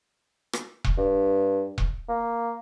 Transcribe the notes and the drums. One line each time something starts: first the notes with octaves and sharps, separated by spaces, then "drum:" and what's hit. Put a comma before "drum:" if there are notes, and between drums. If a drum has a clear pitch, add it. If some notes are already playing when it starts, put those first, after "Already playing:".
drum: rim click
drum: kick E1
G2
drum: kick E1
A#3